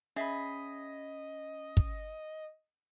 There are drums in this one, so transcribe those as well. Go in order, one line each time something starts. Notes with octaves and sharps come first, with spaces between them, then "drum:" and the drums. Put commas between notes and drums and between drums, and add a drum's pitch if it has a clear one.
C#4 G#4 D#5 E5 B5 B6
drum: kick